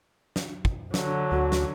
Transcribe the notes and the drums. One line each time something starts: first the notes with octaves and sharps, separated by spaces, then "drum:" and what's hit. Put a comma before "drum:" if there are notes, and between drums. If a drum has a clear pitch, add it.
drum: snare
drum: kick
D3 F#3, drum: snare
D2 F#4
drum: snare